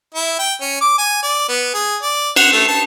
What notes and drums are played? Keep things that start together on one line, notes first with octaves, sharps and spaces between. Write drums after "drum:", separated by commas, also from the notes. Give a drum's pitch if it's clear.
E4
G5
C#4
D6
G#5
D5
B3
G#4
D5
F#5, drum: cymbal
A3
A5